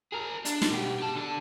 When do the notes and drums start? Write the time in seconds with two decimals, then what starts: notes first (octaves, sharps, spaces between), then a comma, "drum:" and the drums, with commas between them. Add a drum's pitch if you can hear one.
0.12 G#4 A#4
0.45 D4, drum: hi-hat
0.62 drum: snare
0.71 B2 G4
1.00 G4 A5
1.15 D3 A5